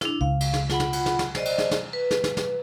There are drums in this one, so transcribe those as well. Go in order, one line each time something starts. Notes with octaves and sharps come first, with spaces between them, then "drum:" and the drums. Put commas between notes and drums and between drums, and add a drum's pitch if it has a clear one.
D4 E4, drum: snare
C#2 F5
drum: cymbal
drum: snare
F4 F#5 B5, drum: snare
drum: snare
drum: cymbal
drum: snare
drum: snare
C5 D5 D#5, drum: snare
drum: cymbal
drum: snare
drum: snare
B4
drum: snare
drum: snare
drum: snare